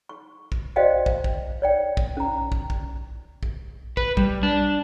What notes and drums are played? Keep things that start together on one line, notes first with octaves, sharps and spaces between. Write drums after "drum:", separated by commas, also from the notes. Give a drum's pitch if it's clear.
C#6
drum: kick
F#4 C5 D5 D#5 F5 G5
drum: kick
drum: kick
C#5 D5 G5
drum: kick
C#4 A#5
drum: kick
drum: kick
drum: kick
B4, drum: kick
G3, drum: kick
D4